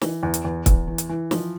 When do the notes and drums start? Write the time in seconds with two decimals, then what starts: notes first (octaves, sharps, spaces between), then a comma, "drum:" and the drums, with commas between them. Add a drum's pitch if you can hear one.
0.01 E3, drum: snare
0.23 E2
0.34 drum: hi-hat
0.45 E2
0.66 E2, drum: kick, hi-hat
0.88 E3
0.98 drum: hi-hat
1.09 E3
1.31 F3, drum: snare